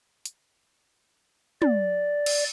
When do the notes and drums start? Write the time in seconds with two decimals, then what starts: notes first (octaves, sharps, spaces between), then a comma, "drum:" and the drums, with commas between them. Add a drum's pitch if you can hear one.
0.25 drum: hi-hat
1.62 D5, drum: tom
2.26 drum: cymbal